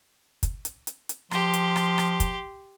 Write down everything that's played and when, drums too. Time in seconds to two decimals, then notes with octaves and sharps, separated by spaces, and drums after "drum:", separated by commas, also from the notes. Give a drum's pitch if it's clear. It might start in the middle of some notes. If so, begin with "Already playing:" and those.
0.43 drum: kick, hi-hat
0.65 drum: hi-hat
0.87 drum: hi-hat
1.09 drum: hi-hat
1.31 F3 G4 C6, drum: rim click
1.53 drum: hi-hat
1.76 drum: rim click
1.98 drum: rim click
2.20 drum: kick, hi-hat